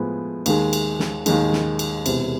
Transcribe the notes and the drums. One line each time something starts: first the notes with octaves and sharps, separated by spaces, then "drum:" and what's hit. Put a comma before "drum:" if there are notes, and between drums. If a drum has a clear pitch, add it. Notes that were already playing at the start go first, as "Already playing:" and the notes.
Already playing: A2 F3 G#3 B3
D#2 D#3 G#3, drum: cymbal
drum: cymbal
drum: snare
D#2 D#3 G#3, drum: cymbal
drum: snare
drum: cymbal
E1 E2 C3, drum: cymbal